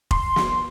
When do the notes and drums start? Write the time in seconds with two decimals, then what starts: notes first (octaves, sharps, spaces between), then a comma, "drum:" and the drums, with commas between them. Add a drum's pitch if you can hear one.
0.11 C6, drum: kick F1
0.36 drum: snare